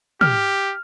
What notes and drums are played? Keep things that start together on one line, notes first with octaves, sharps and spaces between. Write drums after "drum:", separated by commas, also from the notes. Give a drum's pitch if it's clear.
G4 F6, drum: tom